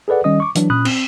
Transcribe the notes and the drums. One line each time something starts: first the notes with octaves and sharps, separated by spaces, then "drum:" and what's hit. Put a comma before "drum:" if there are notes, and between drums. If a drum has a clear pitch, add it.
G#4 A4 B4 D5 F#5
D#3 G3 C#4 D#5 D#6
C#6 D6
E3 F#3 D4, drum: hi-hat
A#2 C#4 B5 D#6 F#6
C4, drum: cymbal